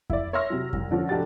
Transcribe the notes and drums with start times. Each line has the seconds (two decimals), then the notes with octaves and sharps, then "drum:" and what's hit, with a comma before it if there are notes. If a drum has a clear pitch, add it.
0.10 E4 D5, drum: kick F2
0.33 C#5 E5 C6 E6 F6 A#6
0.50 C3 F#3
0.73 C2, drum: kick F2
0.91 D3 F3 C#4
1.09 F1 D4 F#4 G4 A6